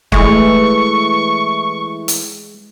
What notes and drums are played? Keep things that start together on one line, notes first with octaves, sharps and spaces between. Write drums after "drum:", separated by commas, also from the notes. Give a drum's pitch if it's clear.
E3 G#3 A3 E4 C#6, drum: kick
drum: hi-hat